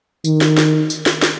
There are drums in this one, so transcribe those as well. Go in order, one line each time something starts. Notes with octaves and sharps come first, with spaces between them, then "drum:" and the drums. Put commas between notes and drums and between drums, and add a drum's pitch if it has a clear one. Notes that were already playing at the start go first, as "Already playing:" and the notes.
D#3, drum: tambourine
drum: snare
drum: snare
drum: tambourine
drum: snare
drum: snare